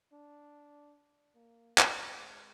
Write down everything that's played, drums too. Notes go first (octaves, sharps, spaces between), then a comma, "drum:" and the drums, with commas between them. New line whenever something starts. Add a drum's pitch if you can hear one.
D4
A#3
drum: clap
G#3